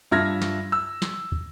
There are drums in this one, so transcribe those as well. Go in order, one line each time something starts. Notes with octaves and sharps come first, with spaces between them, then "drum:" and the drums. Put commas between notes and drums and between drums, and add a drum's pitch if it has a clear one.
G2 F4 E5 F6 G#6 A#6
drum: snare
E6
drum: snare
drum: kick